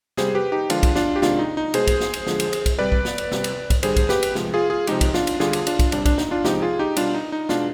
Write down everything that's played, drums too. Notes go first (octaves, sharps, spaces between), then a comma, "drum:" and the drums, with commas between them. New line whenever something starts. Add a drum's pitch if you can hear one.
C3 G3 G#4 C5, drum: snare
G4 B4
D#4 G4
D3 F3 G#3 D4 F4, drum: cymbal
drum: kick, cymbal
D4 F4, drum: snare
G4
C3 D#3 G#3 D4 F4, drum: snare
D#4
D#4
B2 G#3 G#4 C5, drum: cymbal
drum: kick, cymbal
drum: snare
drum: cymbal
D3 F3 G#3, drum: snare
drum: cymbal
drum: cymbal
drum: kick, cymbal
C3 G3 B4 D5
drum: kick
drum: snare
drum: cymbal
C3 G3, drum: snare
drum: cymbal
drum: kick, cymbal
D3 G3 G#4 C5, drum: cymbal
drum: kick, cymbal
G4 B4, drum: snare
drum: cymbal
C3 F3 G#3, drum: snare
F4 G#4
F4 G#4
C3 F3 G#3 D#4 G4, drum: cymbal
drum: kick, cymbal
D4 F4, drum: snare
drum: cymbal
D3 G3 F4 G#4, drum: snare
drum: cymbal
D4 F4, drum: cymbal
drum: kick, cymbal
C3 G3 D4, drum: cymbal
D4, drum: kick, cymbal
D#4, drum: snare
D4 F4
C3 F3 G#3 D#4 G4, drum: snare
F4 G#4
D#4 G4
B2 G3 D4 F4, drum: cymbal
D#4
D#4
B2 G#3 D4 F4, drum: snare